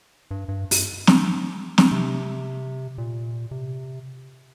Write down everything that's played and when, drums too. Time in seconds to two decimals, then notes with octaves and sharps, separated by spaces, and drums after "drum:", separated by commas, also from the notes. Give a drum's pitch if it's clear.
0.31 G2
0.49 G2
0.71 drum: open hi-hat
1.07 drum: snare
1.78 drum: snare
1.91 C3
2.98 A#2
3.51 C3